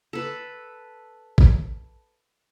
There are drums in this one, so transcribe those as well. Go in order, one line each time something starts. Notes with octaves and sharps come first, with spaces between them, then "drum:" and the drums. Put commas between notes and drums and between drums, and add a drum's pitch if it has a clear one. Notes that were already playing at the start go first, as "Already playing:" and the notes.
A4 B4
drum: kick